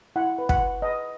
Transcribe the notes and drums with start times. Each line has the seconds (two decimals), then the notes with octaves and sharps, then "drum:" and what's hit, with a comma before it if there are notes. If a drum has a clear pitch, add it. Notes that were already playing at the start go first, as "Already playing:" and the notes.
0.16 E4 F#5
0.38 B4
0.49 F#5, drum: kick
0.60 B4
0.82 B4 D#5